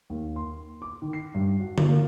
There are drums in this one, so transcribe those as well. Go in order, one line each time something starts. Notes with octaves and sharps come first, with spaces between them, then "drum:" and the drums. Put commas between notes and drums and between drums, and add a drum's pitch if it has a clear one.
D#2
C6
D6
D#3
C7
G2
F#4
drum: tom D3
A#3